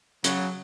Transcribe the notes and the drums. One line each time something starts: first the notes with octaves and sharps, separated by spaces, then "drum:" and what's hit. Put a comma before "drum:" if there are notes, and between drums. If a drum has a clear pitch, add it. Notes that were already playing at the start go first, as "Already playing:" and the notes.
C#3 F#3, drum: hi-hat